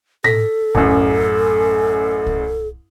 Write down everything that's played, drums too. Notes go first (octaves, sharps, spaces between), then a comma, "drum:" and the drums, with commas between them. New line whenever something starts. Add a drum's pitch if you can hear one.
A4 A#6 B6, drum: tom A2
A1 F#2, drum: kick C2
drum: kick C2